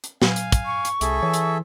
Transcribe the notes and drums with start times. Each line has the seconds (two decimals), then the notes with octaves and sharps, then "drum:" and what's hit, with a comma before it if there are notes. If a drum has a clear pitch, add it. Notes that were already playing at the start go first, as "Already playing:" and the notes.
0.04 drum: hi-hat
0.22 A#2 F#3 F5 G#5, drum: snare
0.36 drum: hi-hat
0.52 drum: kick, hi-hat
0.65 C#6
0.85 drum: hi-hat
1.01 C2 G#4 A4 E5, drum: hi-hat
1.23 E3 C#5 G#5
1.34 drum: hi-hat